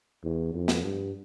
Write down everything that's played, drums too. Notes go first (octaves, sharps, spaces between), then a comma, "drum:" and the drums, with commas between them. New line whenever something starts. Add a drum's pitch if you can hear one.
E2
F2
drum: snare
G2